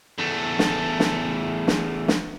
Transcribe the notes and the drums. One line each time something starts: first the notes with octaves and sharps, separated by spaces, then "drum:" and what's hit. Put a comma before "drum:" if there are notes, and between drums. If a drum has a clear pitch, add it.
E2 A3
drum: snare
drum: snare
drum: snare
drum: snare